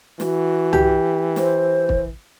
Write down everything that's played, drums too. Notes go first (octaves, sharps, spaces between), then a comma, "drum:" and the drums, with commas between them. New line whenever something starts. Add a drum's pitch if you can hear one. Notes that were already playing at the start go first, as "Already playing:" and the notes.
E3 F#4, drum: snare
G4, drum: tom
C5, drum: snare
drum: kick